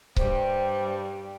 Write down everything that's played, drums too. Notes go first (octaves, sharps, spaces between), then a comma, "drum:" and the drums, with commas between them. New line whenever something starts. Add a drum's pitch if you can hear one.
G2 G3 C5, drum: kick C#1